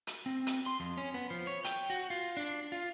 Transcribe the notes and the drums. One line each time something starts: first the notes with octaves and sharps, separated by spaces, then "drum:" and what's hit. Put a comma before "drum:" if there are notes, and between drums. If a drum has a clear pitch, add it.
drum: hi-hat
C4
drum: hi-hat
C6
F2
C#4
B3
F3
C#5
G5, drum: hi-hat
F#4
F4
D4
F4